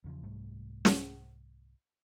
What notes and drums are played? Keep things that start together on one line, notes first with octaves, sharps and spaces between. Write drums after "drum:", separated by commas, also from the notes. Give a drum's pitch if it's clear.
E2 C#3 F3
C2 G#2 G3 A3
drum: snare